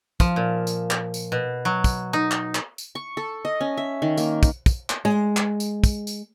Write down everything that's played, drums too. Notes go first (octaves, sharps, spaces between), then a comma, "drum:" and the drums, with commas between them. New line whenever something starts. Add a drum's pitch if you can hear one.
F3, drum: kick, tambourine
A#2
drum: tambourine
drum: clap
drum: tambourine
B2
F#3
drum: kick, tambourine
D#4
drum: clap
drum: clap
drum: tambourine
C#6
A4
D#5
C#4
E5
D#3
A#3, drum: tambourine
drum: kick, tambourine
drum: kick, tambourine
drum: clap
G#3
drum: clap
drum: tambourine
drum: kick, tambourine
drum: tambourine